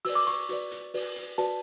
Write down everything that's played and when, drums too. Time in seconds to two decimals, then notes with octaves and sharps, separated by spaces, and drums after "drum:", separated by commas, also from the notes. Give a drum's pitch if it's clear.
0.05 F#4 B4 D5 E6, drum: open hi-hat
0.15 D6
0.27 C#6, drum: hi-hat
0.49 F#4 B4 D5, drum: hi-hat
0.71 drum: hi-hat
0.94 F#4 B4 D5, drum: open hi-hat
1.16 drum: hi-hat
1.38 F#4 B4 D5 A5, drum: hi-hat